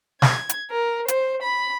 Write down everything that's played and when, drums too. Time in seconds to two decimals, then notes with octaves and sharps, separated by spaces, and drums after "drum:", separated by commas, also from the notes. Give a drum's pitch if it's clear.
0.22 G#6, drum: snare
0.49 drum: hi-hat
0.70 A#4
1.08 C5, drum: hi-hat
1.43 B5